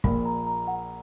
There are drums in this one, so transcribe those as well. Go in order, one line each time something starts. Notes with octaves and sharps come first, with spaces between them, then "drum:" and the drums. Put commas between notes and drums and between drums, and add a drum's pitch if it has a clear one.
A#1 A#2 A#3 B5, drum: kick
A#5
A#5
F#5